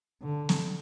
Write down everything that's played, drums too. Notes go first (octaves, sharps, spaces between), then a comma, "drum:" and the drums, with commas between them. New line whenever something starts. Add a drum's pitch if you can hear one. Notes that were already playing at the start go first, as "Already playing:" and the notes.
D3
drum: snare